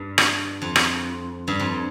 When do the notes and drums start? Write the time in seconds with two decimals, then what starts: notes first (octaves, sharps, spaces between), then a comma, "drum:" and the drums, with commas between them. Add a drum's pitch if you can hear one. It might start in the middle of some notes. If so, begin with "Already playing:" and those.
Already playing: G2
0.18 drum: rim click
0.62 F2
0.76 drum: rim click
1.48 G2
1.60 F2